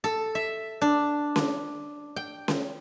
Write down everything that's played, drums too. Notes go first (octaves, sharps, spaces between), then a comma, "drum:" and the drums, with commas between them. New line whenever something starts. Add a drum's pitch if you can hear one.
A4
E5
D4
drum: snare C#4
G5
drum: snare C#4